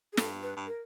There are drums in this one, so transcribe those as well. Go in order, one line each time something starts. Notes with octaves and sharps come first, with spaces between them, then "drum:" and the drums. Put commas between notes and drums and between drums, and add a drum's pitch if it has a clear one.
G#4
G2 A4, drum: snare
B4
G2
A#4